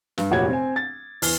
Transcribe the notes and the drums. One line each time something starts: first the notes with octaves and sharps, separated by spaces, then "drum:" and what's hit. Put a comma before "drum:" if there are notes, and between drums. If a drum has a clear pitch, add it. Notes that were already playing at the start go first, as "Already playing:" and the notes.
G2, drum: snare
F1 A#2 F#4 G4 C#5 G#6
C4 G#5
A6
E2 F6 G7, drum: open hi-hat